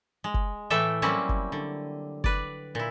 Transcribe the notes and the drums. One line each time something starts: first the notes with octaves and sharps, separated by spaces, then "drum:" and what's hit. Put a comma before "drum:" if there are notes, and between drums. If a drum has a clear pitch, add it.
G#3
drum: kick F#1
A2 E3 A3 A4 E5 G5
F#3 G3 A#3 C4 C#4 E4
drum: kick F#1
D3
B4 D5, drum: kick F#1
A#2 E4